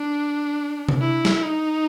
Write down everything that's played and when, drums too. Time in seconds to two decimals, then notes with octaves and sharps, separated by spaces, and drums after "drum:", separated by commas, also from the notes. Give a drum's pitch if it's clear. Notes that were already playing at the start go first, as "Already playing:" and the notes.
Already playing: D4
0.89 drum: tom C3
1.01 E4
1.25 drum: snare
1.43 D#4